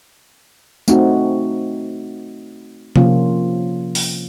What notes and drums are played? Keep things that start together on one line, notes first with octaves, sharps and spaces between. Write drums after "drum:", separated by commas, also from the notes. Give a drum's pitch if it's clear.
A3 C4 D#4 F#4, drum: tambourine
C3 F3 A#3 C#4 F4, drum: tom C3
drum: open hi-hat